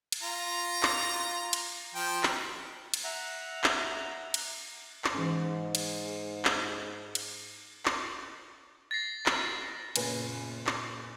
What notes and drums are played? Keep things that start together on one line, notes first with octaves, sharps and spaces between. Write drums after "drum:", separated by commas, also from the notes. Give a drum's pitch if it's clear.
drum: cymbal
F4 A#5
drum: clap
drum: cymbal
F3 G5
drum: clap
drum: cymbal
E5 F#5 A#5
drum: clap
drum: cymbal
drum: clap
G#2 E3 C#4
drum: cymbal
drum: clap
drum: cymbal
drum: clap
A6 A#6 C7
drum: clap
F#1 A#2 B3 B4 C#5 G#5, drum: cymbal
drum: clap